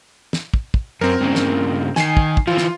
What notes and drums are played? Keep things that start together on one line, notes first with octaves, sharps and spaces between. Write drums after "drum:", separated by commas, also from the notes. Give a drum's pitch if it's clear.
drum: snare
drum: kick
drum: kick
F#2 C4 A#4
G2 C#3
drum: snare
D#3 G#5 C7, drum: snare
drum: kick
drum: kick
E3 F3 F4
drum: snare